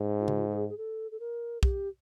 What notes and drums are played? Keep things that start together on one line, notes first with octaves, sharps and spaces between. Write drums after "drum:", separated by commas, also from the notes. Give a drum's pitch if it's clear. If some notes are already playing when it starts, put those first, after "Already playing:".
Already playing: G#2
F4
F#4, drum: tom C#3
F4
G#4
G#4
A4
A4
A#4
G4, drum: kick